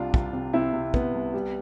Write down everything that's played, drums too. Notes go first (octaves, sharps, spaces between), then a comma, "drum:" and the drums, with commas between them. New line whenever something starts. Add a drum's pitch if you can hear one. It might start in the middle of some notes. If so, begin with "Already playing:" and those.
Already playing: C2 C3 D4 F4
C2, drum: kick
C3
C3 C4 E4
C3
C3 B3, drum: kick
C2
G3